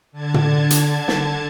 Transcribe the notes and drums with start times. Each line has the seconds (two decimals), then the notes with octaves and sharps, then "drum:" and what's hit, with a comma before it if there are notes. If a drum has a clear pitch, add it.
0.12 D3 A5 G#6
0.34 drum: tom
0.70 drum: hi-hat
1.08 drum: snare